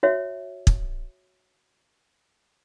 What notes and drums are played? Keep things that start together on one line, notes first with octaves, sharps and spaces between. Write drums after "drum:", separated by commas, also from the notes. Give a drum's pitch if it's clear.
F#4 C#5 E5
drum: kick